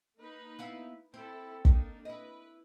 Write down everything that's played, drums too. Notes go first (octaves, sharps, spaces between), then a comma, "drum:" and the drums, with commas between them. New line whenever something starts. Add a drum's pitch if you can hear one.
A#3 D#4 B4
B3 E4 F5
C4 E4 A4
A#3 D4 D#4, drum: kick
E4 B4 D#5